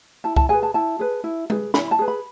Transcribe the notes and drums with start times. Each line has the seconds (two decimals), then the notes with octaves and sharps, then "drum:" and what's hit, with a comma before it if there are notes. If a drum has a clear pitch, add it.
0.24 E4 A5
0.36 A5, drum: kick C2
0.49 G#4 B4 G#5
0.63 A5
0.74 E4 A5
0.99 G#4 B4
1.24 E4
1.50 G#4 B4, drum: tom G#3
1.74 E4 B5, drum: snare
1.91 A5
1.99 G#4 B4
2.08 B5